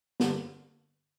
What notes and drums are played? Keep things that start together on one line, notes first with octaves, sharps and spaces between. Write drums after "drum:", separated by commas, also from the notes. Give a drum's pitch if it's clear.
G2 D3 G3 A#3 D4, drum: snare